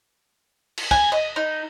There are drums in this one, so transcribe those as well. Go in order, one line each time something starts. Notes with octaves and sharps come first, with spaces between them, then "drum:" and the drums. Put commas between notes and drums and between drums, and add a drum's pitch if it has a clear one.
drum: cymbal
G#5, drum: kick
D#5
D#4